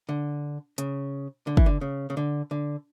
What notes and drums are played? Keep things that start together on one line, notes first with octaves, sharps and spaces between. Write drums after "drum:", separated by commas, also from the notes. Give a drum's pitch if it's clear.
D3
C#3, drum: hi-hat
D3
E3, drum: kick
D3
C#3
C#3
D3
D3